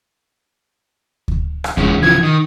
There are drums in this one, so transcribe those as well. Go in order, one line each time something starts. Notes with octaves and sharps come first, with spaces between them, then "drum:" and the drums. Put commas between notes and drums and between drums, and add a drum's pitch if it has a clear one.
drum: kick D2
drum: rim click
E2 G#3 C#4, drum: kick D2
C#3 E3 F3 G#6
D#3 D#6